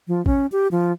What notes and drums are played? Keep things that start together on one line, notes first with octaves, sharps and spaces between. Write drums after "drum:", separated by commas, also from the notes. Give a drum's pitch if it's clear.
F3
C#4, drum: kick A1
G4
F3